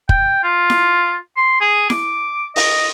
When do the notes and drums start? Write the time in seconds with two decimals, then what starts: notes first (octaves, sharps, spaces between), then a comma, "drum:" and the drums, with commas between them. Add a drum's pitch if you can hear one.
0.09 G5, drum: kick
0.43 F4
0.70 drum: snare E4
1.36 C6
1.61 G#4
1.90 D6, drum: snare E4
2.56 D#5, drum: open hi-hat